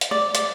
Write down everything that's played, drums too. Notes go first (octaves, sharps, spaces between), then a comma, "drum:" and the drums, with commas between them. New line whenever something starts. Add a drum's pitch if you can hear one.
drum: hi-hat
D5
D5, drum: hi-hat